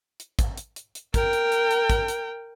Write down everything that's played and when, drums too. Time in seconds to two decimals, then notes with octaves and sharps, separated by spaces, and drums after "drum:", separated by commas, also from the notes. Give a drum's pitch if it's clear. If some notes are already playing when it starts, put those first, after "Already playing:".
0.20 drum: hi-hat
0.39 drum: kick, hi-hat
0.58 drum: hi-hat
0.76 drum: hi-hat
0.95 drum: hi-hat
1.14 A#4 G5, drum: kick, hi-hat
1.33 drum: hi-hat
1.52 drum: hi-hat
1.71 drum: hi-hat
1.90 drum: kick, hi-hat
2.08 drum: hi-hat